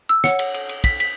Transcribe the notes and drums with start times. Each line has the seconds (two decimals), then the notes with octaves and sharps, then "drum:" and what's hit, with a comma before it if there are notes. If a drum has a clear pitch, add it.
0.09 E6
0.24 C#5 F#5 C#7, drum: snare
0.39 drum: cymbal
0.54 drum: cymbal
0.69 drum: cymbal
0.84 B6, drum: kick, cymbal
1.00 B6, drum: cymbal